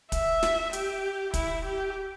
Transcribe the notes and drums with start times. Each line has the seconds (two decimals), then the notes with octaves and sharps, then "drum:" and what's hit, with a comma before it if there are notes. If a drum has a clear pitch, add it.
0.12 E5, drum: kick, hi-hat
0.43 drum: snare
0.73 G4, drum: hi-hat
1.34 E4, drum: kick, hi-hat
1.65 G4